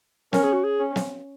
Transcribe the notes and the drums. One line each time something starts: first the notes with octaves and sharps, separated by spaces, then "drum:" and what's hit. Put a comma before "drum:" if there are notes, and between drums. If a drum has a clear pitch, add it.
C#4 A#4, drum: snare
G#4
F#4
G#4
C#4
drum: snare